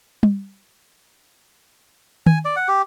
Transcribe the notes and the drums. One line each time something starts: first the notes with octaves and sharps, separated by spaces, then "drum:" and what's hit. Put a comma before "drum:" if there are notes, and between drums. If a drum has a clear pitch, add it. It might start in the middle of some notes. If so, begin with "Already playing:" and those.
drum: tom G3
G#5, drum: tom D#3
D5
F#5
G4